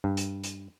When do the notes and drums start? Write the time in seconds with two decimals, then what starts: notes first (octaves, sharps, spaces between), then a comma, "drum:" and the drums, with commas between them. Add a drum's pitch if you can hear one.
0.04 G2
0.17 drum: hi-hat
0.44 drum: hi-hat